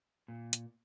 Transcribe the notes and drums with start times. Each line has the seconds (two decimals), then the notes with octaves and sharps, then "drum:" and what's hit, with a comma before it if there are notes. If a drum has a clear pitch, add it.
0.28 A#2
0.53 drum: hi-hat